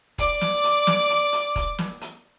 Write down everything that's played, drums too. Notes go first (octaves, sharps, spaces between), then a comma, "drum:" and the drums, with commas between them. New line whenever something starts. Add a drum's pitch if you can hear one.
D5 D6, drum: kick E1, hi-hat
drum: snare
drum: hi-hat
drum: snare
drum: hi-hat
drum: hi-hat
drum: kick E1, hi-hat
drum: snare
drum: hi-hat